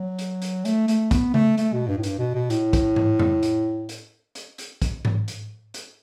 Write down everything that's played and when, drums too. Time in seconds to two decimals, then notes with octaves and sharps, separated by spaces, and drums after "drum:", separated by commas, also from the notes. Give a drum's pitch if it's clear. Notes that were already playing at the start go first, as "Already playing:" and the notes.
Already playing: F#3
0.19 drum: hi-hat
0.42 drum: hi-hat
0.65 A3, drum: hi-hat
0.88 A3, drum: hi-hat
1.11 B3, drum: kick, hi-hat
1.34 A3, drum: tom C#3
1.58 A3, drum: hi-hat
1.73 B2
1.88 G2
1.98 A2
2.03 G2, drum: hi-hat
2.19 B2
2.34 B2
2.50 A2, drum: hi-hat
2.73 drum: kick, hi-hat
2.96 drum: tom G#2
3.19 drum: tom F2
3.43 drum: hi-hat
3.89 drum: hi-hat
4.35 drum: hi-hat
4.58 drum: hi-hat
4.82 drum: kick, hi-hat
5.05 drum: tom G#2
5.28 drum: hi-hat
5.74 drum: hi-hat